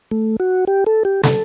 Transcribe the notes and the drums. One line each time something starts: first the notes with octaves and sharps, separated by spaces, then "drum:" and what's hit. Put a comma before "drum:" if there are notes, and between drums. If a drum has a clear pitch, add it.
A3
F#4
G4
A4
G4
A4, drum: snare